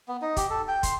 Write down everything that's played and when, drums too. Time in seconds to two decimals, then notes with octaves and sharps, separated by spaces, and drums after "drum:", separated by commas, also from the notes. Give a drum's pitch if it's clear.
0.08 B3
0.22 D#4
0.37 G4, drum: kick, hi-hat
0.50 A4
0.68 G5
0.83 C6, drum: kick, hi-hat